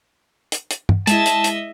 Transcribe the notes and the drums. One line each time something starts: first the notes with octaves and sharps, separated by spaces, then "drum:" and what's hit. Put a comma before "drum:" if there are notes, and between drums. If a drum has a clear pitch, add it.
drum: hi-hat
drum: hi-hat
drum: tom
G#3 E4 D#5 E5 A5, drum: hi-hat
drum: hi-hat
drum: hi-hat